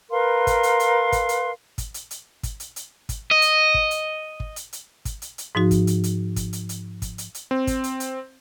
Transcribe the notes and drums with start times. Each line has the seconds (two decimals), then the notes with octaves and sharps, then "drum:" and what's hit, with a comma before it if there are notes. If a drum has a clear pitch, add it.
0.11 A#4 B4 F5 C6
0.47 drum: kick, hi-hat
0.63 drum: hi-hat
0.80 drum: hi-hat
1.12 drum: kick, hi-hat
1.29 drum: hi-hat
1.78 drum: kick, hi-hat
1.94 drum: hi-hat
2.11 drum: hi-hat
2.43 drum: kick, hi-hat
2.60 drum: hi-hat
2.76 drum: hi-hat
3.09 drum: kick, hi-hat
3.31 D#5
3.42 drum: hi-hat
3.74 drum: kick
3.91 drum: hi-hat
4.40 drum: kick
4.56 drum: hi-hat
4.73 drum: hi-hat
5.05 drum: kick, hi-hat
5.22 drum: hi-hat
5.38 drum: hi-hat
5.55 G#2 F3 D#4 F#4
5.71 drum: kick, hi-hat
5.87 drum: hi-hat
6.04 drum: hi-hat
6.36 drum: kick, hi-hat
6.53 drum: hi-hat
6.69 drum: hi-hat
7.02 drum: kick, hi-hat
7.18 drum: hi-hat
7.35 drum: hi-hat
7.51 C4
7.67 drum: kick, hi-hat
7.84 drum: hi-hat
8.00 drum: hi-hat